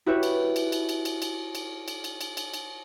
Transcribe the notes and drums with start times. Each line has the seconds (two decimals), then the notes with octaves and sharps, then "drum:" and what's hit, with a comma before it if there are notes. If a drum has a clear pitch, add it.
0.06 E4 F#4 G4 B4 C#5 E5
0.23 drum: cymbal
0.56 drum: cymbal
0.72 drum: cymbal
0.89 drum: cymbal
1.05 drum: cymbal
1.22 drum: cymbal
1.55 drum: cymbal
1.88 drum: cymbal
2.04 drum: cymbal
2.21 drum: cymbal
2.37 drum: cymbal
2.54 drum: cymbal